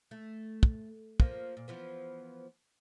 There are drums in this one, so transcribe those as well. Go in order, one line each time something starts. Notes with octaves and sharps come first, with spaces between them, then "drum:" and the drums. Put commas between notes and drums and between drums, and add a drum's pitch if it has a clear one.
A3
drum: kick
F3 A#3, drum: kick
A#2
E3 F3 B3